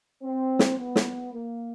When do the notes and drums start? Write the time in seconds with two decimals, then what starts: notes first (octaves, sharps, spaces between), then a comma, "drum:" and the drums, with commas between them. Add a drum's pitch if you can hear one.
0.23 C4
0.59 drum: snare
0.77 B3
0.96 drum: snare
1.32 A#3